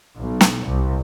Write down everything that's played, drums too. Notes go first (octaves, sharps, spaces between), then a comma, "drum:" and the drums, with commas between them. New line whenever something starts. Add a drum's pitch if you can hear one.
B1
drum: snare
C2